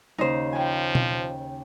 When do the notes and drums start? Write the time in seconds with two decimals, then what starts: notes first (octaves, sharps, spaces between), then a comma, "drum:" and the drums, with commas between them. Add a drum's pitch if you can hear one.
0.18 D#2 C#3 D#4 C5
0.53 F3 G5 G#5
0.95 drum: tom B2